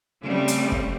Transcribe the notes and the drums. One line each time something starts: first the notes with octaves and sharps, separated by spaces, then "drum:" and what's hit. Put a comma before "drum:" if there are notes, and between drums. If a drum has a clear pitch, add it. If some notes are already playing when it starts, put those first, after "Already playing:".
C#3 G3 A3 C4
drum: hi-hat
drum: kick